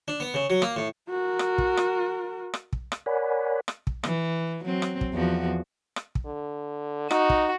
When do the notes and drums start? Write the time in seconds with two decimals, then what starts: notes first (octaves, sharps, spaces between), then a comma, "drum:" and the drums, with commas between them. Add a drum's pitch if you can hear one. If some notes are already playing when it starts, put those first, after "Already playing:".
0.08 D4
0.20 B3
0.34 C#3
0.50 F#3
0.62 A#3, drum: rim click
0.76 A2
1.10 F#4 A#4
1.39 drum: rim click
1.58 drum: kick
1.77 drum: rim click
2.54 drum: rim click
2.73 drum: kick
2.92 drum: rim click
3.06 A#4 C#5 D5 F#5 G#5 B5
3.68 drum: rim click
3.87 drum: kick
4.03 E3, drum: rim click
4.64 F#3 C4
4.82 drum: rim click
5.01 drum: kick
5.12 E2 F3 F#4
5.96 drum: rim click
6.15 drum: kick
6.26 D3
7.11 D#4 F#4, drum: rim click
7.30 drum: kick